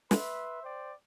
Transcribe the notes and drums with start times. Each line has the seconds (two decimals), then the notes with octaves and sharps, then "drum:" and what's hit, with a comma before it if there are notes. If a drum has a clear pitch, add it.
0.11 B4 E5 C6, drum: snare
0.63 C5 D5 G5